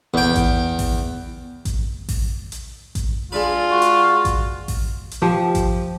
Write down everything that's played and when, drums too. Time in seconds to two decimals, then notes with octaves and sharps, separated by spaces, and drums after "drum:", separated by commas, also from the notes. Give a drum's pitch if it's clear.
0.14 E2 G5
0.35 drum: kick A1, hi-hat
0.79 drum: kick A1, open hi-hat
1.65 drum: kick A1, hi-hat
2.09 drum: kick A1, open hi-hat
2.52 drum: hi-hat
2.95 drum: kick A1, hi-hat
3.32 G#3 D4 F4 B4
3.71 F#4
3.82 drum: hi-hat
4.25 drum: kick A1, hi-hat
4.68 drum: kick A1, open hi-hat
5.11 drum: hi-hat
5.22 F3 G4
5.55 drum: kick A1, hi-hat